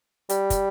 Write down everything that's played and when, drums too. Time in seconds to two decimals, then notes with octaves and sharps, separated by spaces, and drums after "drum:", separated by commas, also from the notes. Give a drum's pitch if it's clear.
0.29 G3, drum: hi-hat
0.50 drum: kick, hi-hat